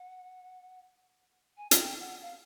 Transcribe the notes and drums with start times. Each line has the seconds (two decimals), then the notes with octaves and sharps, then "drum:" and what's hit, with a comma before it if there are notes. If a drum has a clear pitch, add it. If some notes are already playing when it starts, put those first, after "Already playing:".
Already playing: F#5
1.57 G#5
1.71 G#5, drum: hi-hat
1.78 G5
2.00 F#5
2.22 F5